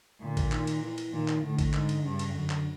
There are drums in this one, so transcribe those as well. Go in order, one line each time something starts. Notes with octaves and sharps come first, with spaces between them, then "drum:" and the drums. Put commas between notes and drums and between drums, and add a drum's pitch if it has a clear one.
A#2 D3
drum: kick A1, cymbal
D#3, drum: clap
drum: cymbal
E3
drum: cymbal
A#2 D#3
drum: clap
A2 D3
drum: kick A1, cymbal
G#2, drum: clap
drum: cymbal
G2 C#3
drum: cymbal
F#2 D3
drum: clap